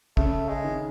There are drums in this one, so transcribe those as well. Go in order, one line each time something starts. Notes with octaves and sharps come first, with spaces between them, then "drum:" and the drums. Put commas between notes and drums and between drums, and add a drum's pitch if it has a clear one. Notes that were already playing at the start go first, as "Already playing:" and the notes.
C#3 A3, drum: kick
G#3
D#3